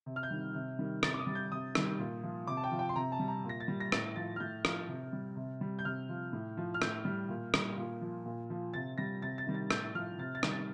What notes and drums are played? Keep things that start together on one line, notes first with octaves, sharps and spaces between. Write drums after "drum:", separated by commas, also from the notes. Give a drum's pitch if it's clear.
C3
F6
G6
D#3 G3
C3
D#3 G3
C3 A6, drum: rim click
D6
D#6
G3
G6
C3 D#6
D#3 G3, drum: rim click
A#2
F3
C3 D6
A5
G5
F3
G5
C6
C3 A#5
A5
G3
A#5
A#2 A#6
A6
G3
A#6
A2 A6, drum: rim click
F3 A6
F6
A2 G6
F3, drum: rim click
C3
G3
C3
G3
G6
C3 F6
F3
A2
F3
F6
A2 G6, drum: rim click
G3
A#2
G3, drum: rim click
A#2
F3
A#2
F3
C3 A6
G3 A#6
C3 A6
A6
D#3 G3
A6
A2 G6, drum: rim click
F3 F6
C3 A6
A6
D#3 G3, drum: rim click
A6